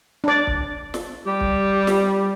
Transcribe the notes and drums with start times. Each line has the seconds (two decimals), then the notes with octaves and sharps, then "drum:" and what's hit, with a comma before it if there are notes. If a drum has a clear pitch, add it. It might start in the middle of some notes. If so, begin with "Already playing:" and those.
0.24 D4 D5
0.47 drum: kick
0.94 drum: snare
1.27 G3 G4
1.40 drum: kick
1.87 drum: snare